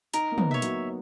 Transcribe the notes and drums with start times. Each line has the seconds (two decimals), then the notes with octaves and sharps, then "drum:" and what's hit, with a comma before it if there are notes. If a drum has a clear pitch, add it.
0.14 D#4 A#4, drum: hi-hat
0.32 A#3
0.38 B3, drum: tom
0.51 C#5 E5
0.62 F#3, drum: hi-hat